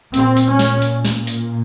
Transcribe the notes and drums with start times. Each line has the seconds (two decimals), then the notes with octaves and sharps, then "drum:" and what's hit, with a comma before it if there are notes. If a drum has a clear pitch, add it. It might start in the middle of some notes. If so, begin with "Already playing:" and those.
0.14 A#2 C4, drum: hi-hat
0.37 drum: hi-hat
0.48 C#4
0.59 drum: snare
0.82 drum: hi-hat
1.05 drum: snare
1.27 drum: hi-hat